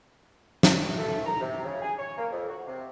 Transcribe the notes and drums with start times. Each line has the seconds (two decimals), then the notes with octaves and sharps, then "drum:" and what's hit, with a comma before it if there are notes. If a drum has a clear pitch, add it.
0.63 drum: snare
0.98 A3
1.26 A#5
1.41 C3
1.65 C#3
1.82 G#4
1.98 C#5
2.17 A#3
2.31 F2
2.49 F#4
2.67 C3